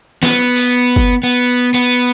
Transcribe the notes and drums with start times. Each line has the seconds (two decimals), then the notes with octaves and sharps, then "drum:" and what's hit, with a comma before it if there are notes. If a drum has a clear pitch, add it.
0.23 B3, drum: snare
0.56 drum: open hi-hat
0.96 drum: kick G1
1.23 B3
1.74 B3, drum: hi-hat